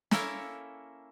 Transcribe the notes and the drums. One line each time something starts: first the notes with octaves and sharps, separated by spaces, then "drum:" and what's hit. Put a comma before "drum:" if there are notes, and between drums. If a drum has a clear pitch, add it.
A#3 C#4 E4 A4 A#4 C#5, drum: snare